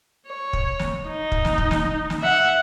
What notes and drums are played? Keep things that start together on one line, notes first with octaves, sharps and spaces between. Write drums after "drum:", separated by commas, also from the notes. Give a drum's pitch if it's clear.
C#5
drum: kick
drum: snare
D#4
drum: kick
drum: snare
drum: kick
drum: snare
drum: snare
E5 F#5